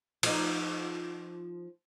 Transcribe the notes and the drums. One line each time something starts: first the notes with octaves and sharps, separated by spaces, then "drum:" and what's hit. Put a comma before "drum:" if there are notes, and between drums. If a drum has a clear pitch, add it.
F3 D#4, drum: cymbal